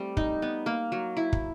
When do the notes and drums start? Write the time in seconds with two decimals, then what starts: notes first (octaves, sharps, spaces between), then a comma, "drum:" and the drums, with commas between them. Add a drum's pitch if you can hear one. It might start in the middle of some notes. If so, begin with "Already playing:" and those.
Already playing: G3 A3 C4
0.17 D#4, drum: kick
0.42 B3
0.66 A#3
0.92 F#3
1.17 E4
1.33 drum: kick